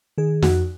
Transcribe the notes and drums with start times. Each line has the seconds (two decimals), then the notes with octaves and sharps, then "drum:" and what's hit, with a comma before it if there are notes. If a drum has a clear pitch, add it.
0.18 D#3 G#4
0.42 F2 F#4, drum: snare